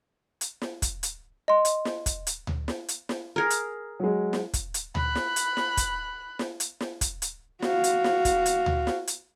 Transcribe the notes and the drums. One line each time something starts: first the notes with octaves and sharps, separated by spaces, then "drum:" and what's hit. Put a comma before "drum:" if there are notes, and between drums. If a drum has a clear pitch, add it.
drum: hi-hat
drum: snare
drum: kick, hi-hat
drum: hi-hat
D#5 C6
drum: hi-hat
drum: snare
drum: kick, hi-hat
drum: hi-hat
drum: tom D2
drum: snare
drum: hi-hat
drum: snare
G#4 A#4
drum: hi-hat
F#3 G#3
drum: snare
drum: kick, hi-hat
drum: hi-hat
B5 F#6, drum: tom D2
drum: snare
drum: hi-hat
drum: snare
drum: kick, hi-hat
drum: snare
drum: hi-hat
drum: snare
drum: kick, hi-hat
drum: hi-hat
F#4 F5, drum: snare
drum: hi-hat
drum: snare
drum: kick, hi-hat
drum: hi-hat
drum: tom D2
drum: snare
drum: hi-hat